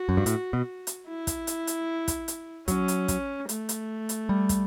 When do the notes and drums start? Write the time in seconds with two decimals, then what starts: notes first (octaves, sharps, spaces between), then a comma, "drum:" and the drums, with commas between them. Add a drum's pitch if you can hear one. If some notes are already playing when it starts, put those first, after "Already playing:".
Already playing: F#4
0.09 F#2
0.17 G2
0.26 A2, drum: hi-hat
0.53 B2
0.87 drum: hi-hat
1.07 E4
1.27 drum: kick, hi-hat
1.47 drum: hi-hat
1.67 drum: hi-hat
2.08 drum: kick, hi-hat
2.28 drum: hi-hat
2.68 F#3 C#4, drum: kick, hi-hat
2.88 drum: hi-hat
3.08 drum: kick, hi-hat
3.49 A3, drum: hi-hat
3.69 drum: hi-hat
4.09 drum: hi-hat
4.29 G3
4.49 drum: kick, hi-hat